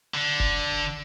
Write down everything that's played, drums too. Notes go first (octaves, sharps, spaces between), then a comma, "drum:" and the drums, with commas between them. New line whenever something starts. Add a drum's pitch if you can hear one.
D3
drum: kick